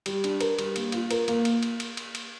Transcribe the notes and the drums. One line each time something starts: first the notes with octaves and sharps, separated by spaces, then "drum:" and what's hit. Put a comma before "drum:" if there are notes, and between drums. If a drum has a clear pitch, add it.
G3, drum: cymbal
D4, drum: cymbal
A#4, drum: cymbal
G3, drum: cymbal
A#3, drum: cymbal
F4, drum: cymbal
A#4, drum: cymbal
A#3, drum: cymbal
drum: cymbal
drum: cymbal
drum: cymbal
drum: cymbal
drum: cymbal